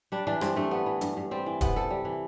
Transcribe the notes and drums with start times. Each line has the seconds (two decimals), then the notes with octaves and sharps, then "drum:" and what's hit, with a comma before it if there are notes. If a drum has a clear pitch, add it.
0.12 G3 D4
0.27 E3 D4
0.41 G2 C4, drum: rim click
0.56 G2 A3
0.71 G3 B3
0.86 E3
1.01 G2, drum: hi-hat
1.17 G2
1.31 G3 C4
1.46 E3
1.61 C3 B3, drum: kick D#1, hi-hat
1.76 C3 A4
1.90 G3
2.05 E3